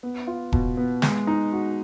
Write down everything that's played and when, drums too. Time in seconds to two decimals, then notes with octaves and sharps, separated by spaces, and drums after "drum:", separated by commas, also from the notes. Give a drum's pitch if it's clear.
0.03 B3
0.27 F4
0.52 B2, drum: kick E1
0.77 B3
1.02 G#3, drum: snare
1.27 D#4
1.52 F#4